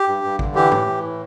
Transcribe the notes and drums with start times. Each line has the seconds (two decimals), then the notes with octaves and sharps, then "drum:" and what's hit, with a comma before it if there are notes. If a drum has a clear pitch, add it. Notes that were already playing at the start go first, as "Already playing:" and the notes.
Already playing: G4
0.08 G2
0.24 G2
0.39 D3, drum: kick
0.55 E3 G4
0.72 A2, drum: tom
0.87 E3
1.03 A2